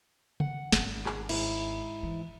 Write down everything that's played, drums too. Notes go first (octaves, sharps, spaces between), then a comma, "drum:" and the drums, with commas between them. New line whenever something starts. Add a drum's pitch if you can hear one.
F#5, drum: tom C#3
G#1 C#4, drum: snare
G#4, drum: clap
G#2 E4, drum: cymbal
E3